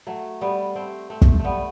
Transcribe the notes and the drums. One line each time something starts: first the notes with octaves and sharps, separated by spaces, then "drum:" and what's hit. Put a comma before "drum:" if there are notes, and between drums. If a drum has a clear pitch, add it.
F#3 A3
G3 B3
A3 C4
A3 C4
drum: kick
G3 A3 B3